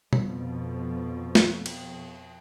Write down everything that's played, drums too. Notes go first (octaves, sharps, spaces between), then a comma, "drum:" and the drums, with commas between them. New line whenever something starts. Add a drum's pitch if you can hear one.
F2 B2 F3, drum: tom B2
drum: snare
drum: cymbal